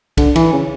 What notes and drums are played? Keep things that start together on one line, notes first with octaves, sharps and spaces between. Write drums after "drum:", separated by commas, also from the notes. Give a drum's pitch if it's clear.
D3, drum: kick, cymbal
E3, drum: cymbal
C#3